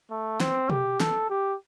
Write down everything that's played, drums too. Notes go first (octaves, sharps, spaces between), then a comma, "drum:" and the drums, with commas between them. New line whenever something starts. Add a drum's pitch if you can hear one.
A3
C4, drum: snare
G4, drum: tom B2
A4, drum: snare
G4